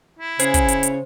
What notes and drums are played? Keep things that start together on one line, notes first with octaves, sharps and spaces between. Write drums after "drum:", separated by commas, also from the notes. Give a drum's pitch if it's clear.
E4
C#3 G#4 C5, drum: hi-hat
drum: kick, hi-hat
drum: hi-hat
drum: hi-hat